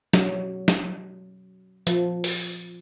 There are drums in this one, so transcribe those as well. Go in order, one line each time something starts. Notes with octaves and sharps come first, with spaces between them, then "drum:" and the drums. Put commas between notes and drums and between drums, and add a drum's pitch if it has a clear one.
F#3, drum: snare
drum: snare
F3, drum: hi-hat
drum: open hi-hat